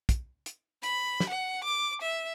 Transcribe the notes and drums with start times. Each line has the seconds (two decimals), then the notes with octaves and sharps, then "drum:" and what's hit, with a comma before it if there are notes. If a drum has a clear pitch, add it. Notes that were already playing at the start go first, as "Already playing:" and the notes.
0.09 drum: kick, hi-hat
0.46 drum: hi-hat
0.83 B5, drum: hi-hat
1.20 drum: snare
1.30 F#5
1.64 D6
2.02 E5